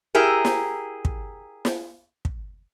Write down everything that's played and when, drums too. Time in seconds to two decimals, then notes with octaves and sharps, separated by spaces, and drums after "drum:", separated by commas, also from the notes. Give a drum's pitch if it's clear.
0.15 E4 G4 G#4 A#4
0.45 drum: snare
1.05 drum: kick
1.65 drum: snare
2.25 drum: kick